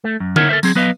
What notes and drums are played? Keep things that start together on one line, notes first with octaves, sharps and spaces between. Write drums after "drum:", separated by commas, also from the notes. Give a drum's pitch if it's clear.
A3
F#2
D#4 A#4 C#5 E5 F#5, drum: tom D3
A4 A#4 C5 E5
F#3 C4 G#4, drum: tambourine
F#3 B3 B4 D#5 F5